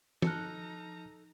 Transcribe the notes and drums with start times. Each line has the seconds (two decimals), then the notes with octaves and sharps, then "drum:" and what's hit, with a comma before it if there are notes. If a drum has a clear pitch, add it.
0.22 F3 D#4 A4 A5 A#5 F6 F#6, drum: tom E3